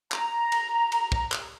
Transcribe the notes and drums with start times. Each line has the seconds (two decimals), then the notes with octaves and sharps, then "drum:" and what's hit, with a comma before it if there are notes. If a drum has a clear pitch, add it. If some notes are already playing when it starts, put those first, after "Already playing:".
0.12 A#5, drum: clap
0.52 drum: cymbal
0.92 drum: cymbal
1.12 drum: kick
1.32 drum: clap